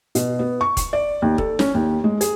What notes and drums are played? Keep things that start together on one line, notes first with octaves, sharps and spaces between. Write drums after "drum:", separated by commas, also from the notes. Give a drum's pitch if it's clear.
B2, drum: hi-hat
B3
C#6
drum: kick E1, hi-hat
D5
D#2
A4, drum: kick E1
C#4, drum: snare
D#2
G#3
G#4, drum: hi-hat